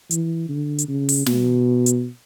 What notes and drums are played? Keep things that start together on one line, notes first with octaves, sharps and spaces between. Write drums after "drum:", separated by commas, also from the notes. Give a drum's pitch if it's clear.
E3, drum: hi-hat
D3
drum: hi-hat
C#3
drum: open hi-hat
B2, drum: snare
drum: hi-hat